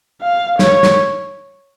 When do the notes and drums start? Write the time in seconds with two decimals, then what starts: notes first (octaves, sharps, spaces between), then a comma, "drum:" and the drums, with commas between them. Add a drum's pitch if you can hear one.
0.22 F5
0.59 C#5, drum: snare
0.83 drum: snare